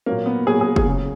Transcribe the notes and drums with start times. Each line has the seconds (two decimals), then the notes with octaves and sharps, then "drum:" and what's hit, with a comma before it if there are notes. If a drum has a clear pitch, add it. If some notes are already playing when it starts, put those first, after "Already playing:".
0.06 A#2 F#3 A#3
0.26 B3
0.47 A#2 F#3 G#4
0.61 G#4
0.76 G#4, drum: kick
0.86 C#3 F#3